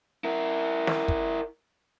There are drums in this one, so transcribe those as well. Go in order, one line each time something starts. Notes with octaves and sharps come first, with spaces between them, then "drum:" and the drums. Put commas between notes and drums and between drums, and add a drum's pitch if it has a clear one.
E4 A#4
drum: snare
drum: kick